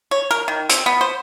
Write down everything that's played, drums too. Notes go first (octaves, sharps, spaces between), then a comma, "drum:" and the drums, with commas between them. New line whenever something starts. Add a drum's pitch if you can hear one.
C#5
A#4
D#3
C4, drum: hi-hat
B3
C5